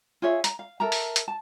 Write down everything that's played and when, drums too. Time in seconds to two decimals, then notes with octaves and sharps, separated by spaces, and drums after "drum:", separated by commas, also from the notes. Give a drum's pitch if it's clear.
0.22 F4 G#4 C#5 E5
0.44 A#5, drum: hi-hat
0.59 F5
0.80 A4 A#4 E5 A#5
0.92 drum: open hi-hat
1.16 drum: hi-hat
1.28 A5